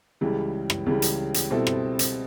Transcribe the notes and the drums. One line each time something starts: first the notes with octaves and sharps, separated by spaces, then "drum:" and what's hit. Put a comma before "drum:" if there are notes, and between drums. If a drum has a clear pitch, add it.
C#2 C#3 E3 G3
drum: rim click
C#2 C#3 E3 G3
drum: hi-hat
drum: hi-hat
B2 G3 C4 E4 A4
drum: rim click
drum: hi-hat